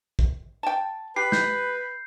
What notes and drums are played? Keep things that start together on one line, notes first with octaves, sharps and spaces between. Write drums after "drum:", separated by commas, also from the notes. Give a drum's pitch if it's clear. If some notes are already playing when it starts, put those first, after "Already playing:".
drum: kick
G5 A5
G4 B4 C7
G6, drum: snare